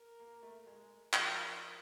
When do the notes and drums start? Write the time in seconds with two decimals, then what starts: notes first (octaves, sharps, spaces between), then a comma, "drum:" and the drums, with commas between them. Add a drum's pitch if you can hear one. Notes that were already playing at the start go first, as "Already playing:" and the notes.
Already playing: A#4
0.20 A#3
0.43 A3
0.67 G#3
1.14 F3 A#4, drum: clap